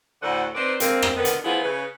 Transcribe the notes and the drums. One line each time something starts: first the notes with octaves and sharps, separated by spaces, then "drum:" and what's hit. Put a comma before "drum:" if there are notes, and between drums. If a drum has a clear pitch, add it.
D2 A2 D3 A3 C5 F#5
C4 D#4 B4 C5 D5
D3 G#3 A#3 C4, drum: hi-hat
drum: rim click
D3 D#3 B3
drum: hi-hat
E3 F3 A3 B3 E4 G#4
C#3 B4